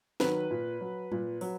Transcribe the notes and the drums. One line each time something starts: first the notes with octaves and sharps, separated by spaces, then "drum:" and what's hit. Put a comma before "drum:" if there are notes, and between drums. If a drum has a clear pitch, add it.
D#3 F#3 B4, drum: snare
A#2
F#3
A#2, drum: tom F#3
F#3, drum: open hi-hat